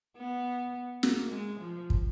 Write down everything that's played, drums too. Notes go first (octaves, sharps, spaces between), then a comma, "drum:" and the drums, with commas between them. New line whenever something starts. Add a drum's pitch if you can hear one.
B3
A#3, drum: snare
G#3
F3
drum: kick